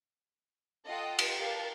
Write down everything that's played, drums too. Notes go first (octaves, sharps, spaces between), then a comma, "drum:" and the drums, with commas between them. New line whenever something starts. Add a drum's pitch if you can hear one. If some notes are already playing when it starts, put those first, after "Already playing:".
F4 A4 D#5 F#5 G5 D#6
drum: cymbal
G4 A#4 F5 A5